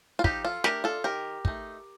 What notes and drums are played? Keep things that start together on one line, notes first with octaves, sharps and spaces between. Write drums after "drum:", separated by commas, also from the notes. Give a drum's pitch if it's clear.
F4
F3 D#4 G4, drum: kick
F4 A4
A3 D4 G4 A#4, drum: snare
F4 A4
D#3 G4 A#4
A3 D#4, drum: kick